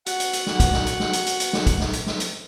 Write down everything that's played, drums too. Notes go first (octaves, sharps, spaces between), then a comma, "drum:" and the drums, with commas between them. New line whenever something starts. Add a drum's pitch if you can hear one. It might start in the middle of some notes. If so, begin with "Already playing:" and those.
F#4 F#5, drum: hi-hat
drum: hi-hat
drum: hi-hat
drum: snare
drum: kick, hi-hat
drum: snare
drum: hi-hat
drum: snare
drum: hi-hat
drum: hi-hat
drum: hi-hat
drum: snare
drum: kick, hi-hat
drum: snare
drum: hi-hat
drum: snare
drum: hi-hat